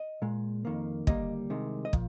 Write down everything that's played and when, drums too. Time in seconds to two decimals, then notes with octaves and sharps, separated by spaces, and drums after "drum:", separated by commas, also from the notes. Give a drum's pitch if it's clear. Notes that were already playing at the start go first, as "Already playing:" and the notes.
Already playing: D#5
0.22 A#2 G#3
0.65 F2 D#3 A#3
1.07 D#2 D3 G3 A#3 D#5, drum: kick
1.50 C2 C3 D#3 G#3
1.85 D#5
1.93 A#2 F3, drum: kick